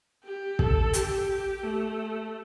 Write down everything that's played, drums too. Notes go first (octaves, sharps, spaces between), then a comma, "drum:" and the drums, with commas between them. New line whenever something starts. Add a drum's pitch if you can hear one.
G4
A4, drum: kick
G4, drum: hi-hat
A3